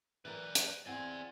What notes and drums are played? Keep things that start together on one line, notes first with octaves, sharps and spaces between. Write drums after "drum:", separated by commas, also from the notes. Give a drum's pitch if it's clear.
E3 A#4 B4 D5
drum: hi-hat
E2 C4 D5 F#5 G#5